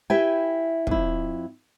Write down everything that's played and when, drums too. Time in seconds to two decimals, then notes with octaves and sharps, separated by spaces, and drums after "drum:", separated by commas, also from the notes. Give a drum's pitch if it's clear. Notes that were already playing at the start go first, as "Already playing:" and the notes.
0.10 E4 G4 B4 E5 G5 G#5
0.87 F2 E4, drum: kick